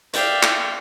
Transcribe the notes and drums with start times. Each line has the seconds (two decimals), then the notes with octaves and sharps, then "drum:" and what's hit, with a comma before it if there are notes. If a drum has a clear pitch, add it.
0.14 D5 E5 F5 G5, drum: hi-hat
0.43 drum: clap